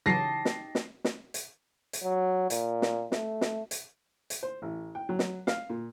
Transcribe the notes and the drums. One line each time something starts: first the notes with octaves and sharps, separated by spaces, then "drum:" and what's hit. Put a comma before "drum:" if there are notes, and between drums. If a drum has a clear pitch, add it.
C#3 E3 F#3 D#4 G4 A5 A#6 C7
drum: snare
drum: snare
drum: snare
drum: hi-hat
drum: hi-hat
F#3
A#2, drum: hi-hat
drum: snare
A3, drum: snare
drum: snare
drum: hi-hat
drum: hi-hat
C5
A1
G5
F#3
drum: snare
F5, drum: snare
A#2